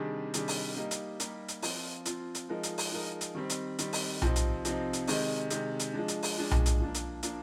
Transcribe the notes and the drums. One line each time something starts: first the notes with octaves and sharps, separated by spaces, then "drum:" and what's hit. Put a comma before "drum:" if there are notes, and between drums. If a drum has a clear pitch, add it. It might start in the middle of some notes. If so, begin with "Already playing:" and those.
Already playing: C3 D#3 G3 D4 G#4
C3 D#3 G3 D4 G#4, drum: hi-hat
drum: open hi-hat
G3 A#3 D#4 G4
drum: hi-hat
G3 A#3 D#4 G4, drum: hi-hat
drum: hi-hat
F3 C4 F4, drum: open hi-hat
F3 C4 F4, drum: hi-hat
drum: hi-hat
F3 G#3 D#4 A#4
drum: hi-hat
drum: open hi-hat
F3 G#3 D#4 A#4
drum: hi-hat
D#3 G3 C4
drum: hi-hat
D#3 G3 C4, drum: hi-hat
drum: open hi-hat
C3 F3 C4 D#4, drum: tom B1
drum: hi-hat
C3 F3 C4 D#4, drum: hi-hat
drum: hi-hat
C3 D#3 G#3, drum: open hi-hat
C3 D#3 G#3, drum: hi-hat
drum: hi-hat
F3 G#3 D4
drum: hi-hat
drum: open hi-hat
F3 G#3 D4
drum: tom B1
drum: hi-hat
F3 A#3 D4
drum: hi-hat
F3 A#3 D4, drum: hi-hat